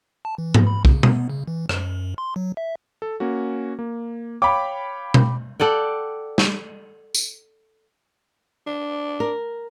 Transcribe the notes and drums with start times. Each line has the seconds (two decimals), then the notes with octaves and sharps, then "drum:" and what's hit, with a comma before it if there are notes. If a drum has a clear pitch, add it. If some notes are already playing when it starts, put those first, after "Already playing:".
0.25 A5
0.38 E3
0.54 drum: tom G#2
0.67 B5
0.85 C#3, drum: kick
1.03 B3, drum: tom B2
1.30 C#3
1.48 E3
1.69 F#2, drum: rim click
2.18 C6
2.36 F#3
2.57 E5
3.02 A4
3.20 A#3 C#4 F#4
3.79 A#3
4.42 C#5 F5 G5 B5 D6
5.14 drum: tom B2
5.60 A4 D5 F#5 G5
6.38 drum: snare
7.14 drum: tambourine
8.67 D4
9.20 A#4